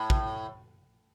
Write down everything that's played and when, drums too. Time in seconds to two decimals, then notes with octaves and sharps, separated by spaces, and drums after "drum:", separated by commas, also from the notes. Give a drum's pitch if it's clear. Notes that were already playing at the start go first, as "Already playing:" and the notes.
Already playing: A2
0.10 drum: kick